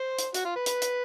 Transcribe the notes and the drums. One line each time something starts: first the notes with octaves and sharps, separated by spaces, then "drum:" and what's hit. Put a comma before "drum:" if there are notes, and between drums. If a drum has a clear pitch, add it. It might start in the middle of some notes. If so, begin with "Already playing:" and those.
Already playing: C5
drum: hi-hat
F#4, drum: hi-hat
F4
B4
B4, drum: hi-hat
drum: hi-hat